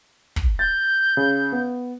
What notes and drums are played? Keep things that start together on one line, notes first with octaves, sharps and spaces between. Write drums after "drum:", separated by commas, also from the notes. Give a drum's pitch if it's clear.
drum: kick
G6 A6
C#3
B3